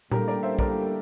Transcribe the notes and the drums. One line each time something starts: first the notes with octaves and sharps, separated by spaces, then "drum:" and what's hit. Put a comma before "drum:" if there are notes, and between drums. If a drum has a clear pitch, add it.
A2 G3 A#3 D4 G4 A4 A#4, drum: tom A#2
A#4 D5
C5 E5
A#4 D5, drum: kick